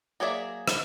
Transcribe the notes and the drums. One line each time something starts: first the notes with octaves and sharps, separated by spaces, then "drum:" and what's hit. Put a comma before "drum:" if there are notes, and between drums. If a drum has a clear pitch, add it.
F#3 A#3 G#4 D5 E5
drum: rim click